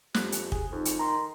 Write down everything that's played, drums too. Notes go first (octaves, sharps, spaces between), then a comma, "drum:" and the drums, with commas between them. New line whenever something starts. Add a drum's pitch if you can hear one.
F2 G4 F#6, drum: snare
drum: hi-hat
G#4, drum: kick
F2 D#4
drum: hi-hat
D#3 A#5 C6